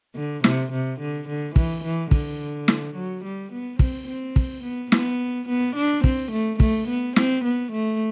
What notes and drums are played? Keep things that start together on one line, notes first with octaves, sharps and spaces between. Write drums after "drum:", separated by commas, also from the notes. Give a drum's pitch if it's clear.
D3
C3, drum: snare
C3
D3
D3
E3, drum: kick
E3
D3, drum: kick
drum: snare
F#3
G3
B3
C4, drum: kick
C4
drum: kick
B3
B3, drum: snare
B3
D4
C4, drum: kick
A3
A3, drum: kick
B3
C4, drum: snare
B3
A3